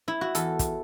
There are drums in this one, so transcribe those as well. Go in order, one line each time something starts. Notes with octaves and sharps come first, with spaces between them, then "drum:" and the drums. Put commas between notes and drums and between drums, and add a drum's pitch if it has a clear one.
E4
F#4
E2 A4, drum: hi-hat
drum: kick, hi-hat